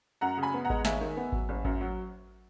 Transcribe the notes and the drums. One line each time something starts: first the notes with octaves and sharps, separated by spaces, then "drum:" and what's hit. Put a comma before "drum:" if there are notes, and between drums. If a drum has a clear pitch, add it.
F#2 F#5 A#5
C#3
G#5 B5
B3
F#5 A#5
G#3, drum: kick G#1
D#2 E5 G#5, drum: snare
D#3
B3
F#3, drum: kick G#1
F#1
F#2, drum: kick G#1
F#3